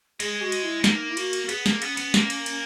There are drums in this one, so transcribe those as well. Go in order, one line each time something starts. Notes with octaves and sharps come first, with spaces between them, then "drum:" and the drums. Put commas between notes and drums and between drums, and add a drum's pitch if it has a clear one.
G#3 G#4, drum: cymbal
F#4
drum: cymbal
E4
A#3 D#4, drum: snare
E4
F#4, drum: cymbal
drum: cymbal
F#4
B3 G#4, drum: cymbal
A#3, drum: snare
B3 C#4, drum: cymbal
B3, drum: cymbal
A#3, drum: snare
drum: cymbal
drum: cymbal